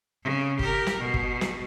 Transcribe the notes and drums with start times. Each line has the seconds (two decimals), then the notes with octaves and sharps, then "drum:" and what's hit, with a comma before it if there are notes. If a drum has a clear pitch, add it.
0.23 C#3
0.59 G4 A#4, drum: kick G1
0.87 drum: snare
0.99 B2
1.14 drum: kick G1
1.41 drum: snare